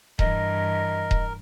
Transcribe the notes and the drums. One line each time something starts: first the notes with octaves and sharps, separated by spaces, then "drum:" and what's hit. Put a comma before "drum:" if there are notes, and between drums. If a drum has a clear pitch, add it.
G2 E3 A#4 D#5, drum: kick D#1
drum: kick D#1